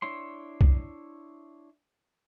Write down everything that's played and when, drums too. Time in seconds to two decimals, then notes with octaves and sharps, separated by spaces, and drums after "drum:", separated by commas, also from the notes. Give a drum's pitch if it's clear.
0.02 D4 E4 C#5 C6
0.61 drum: kick C2